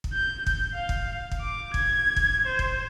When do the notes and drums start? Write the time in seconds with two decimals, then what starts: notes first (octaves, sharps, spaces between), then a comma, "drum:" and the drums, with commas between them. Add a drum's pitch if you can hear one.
0.04 drum: kick
0.14 G6
0.47 drum: kick
0.74 F5
0.89 drum: kick
1.32 drum: kick
1.41 D6
1.74 G#6, drum: kick
2.16 drum: kick
2.47 C5
2.59 drum: kick